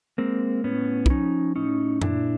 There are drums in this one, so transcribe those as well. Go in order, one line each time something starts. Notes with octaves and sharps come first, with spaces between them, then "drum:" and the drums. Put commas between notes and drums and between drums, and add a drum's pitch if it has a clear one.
G#3 A#3 C4
A2 B3 C#4
E4, drum: kick
F3 C#4 D#4
A2 C#4 D#4
A#2 D4 E4, drum: tom F#2